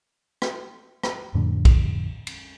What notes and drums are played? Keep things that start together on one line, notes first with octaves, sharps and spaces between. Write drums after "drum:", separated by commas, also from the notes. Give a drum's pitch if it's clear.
drum: rim click
drum: rim click
F2 A2 D3
drum: kick, cymbal
drum: cymbal